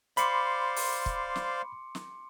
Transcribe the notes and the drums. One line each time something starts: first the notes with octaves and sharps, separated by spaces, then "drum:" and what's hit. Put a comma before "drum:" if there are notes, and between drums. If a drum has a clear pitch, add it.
C5 D5 F5 B5 C6 D6 C#7, drum: hi-hat
drum: open hi-hat
drum: kick
drum: snare
drum: snare